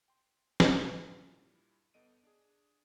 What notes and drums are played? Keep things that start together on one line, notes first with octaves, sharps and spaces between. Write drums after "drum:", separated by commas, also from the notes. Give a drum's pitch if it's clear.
G5 C6
drum: snare
G2 C3 E3 G3 G#3
G2 A#2 G3 E4
G1 B3 A4 D#5 D7 D#7
D4 G#4